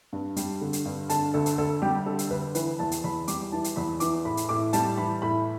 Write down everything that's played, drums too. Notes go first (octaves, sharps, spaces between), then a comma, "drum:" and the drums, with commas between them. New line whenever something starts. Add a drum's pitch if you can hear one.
G2
G3, drum: hi-hat
D3
drum: hi-hat
G2
D3 A5, drum: hi-hat
D2 A4
drum: hi-hat
D2 A4
G3 G4
D3 A4
drum: hi-hat
D2 B4
E3 B4, drum: hi-hat
E2 A5
drum: hi-hat
E2 B5
G3 D6, drum: hi-hat
E3 A5
drum: hi-hat
E2 B5
E3 D6, drum: hi-hat
A2 B5
drum: hi-hat
A2 D6
G3 A5, drum: hi-hat
E3 B5
A2 B5